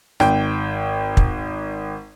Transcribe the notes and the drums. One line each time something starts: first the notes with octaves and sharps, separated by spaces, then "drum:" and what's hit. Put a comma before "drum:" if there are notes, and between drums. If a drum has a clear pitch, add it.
G#1 G5, drum: rim click
drum: kick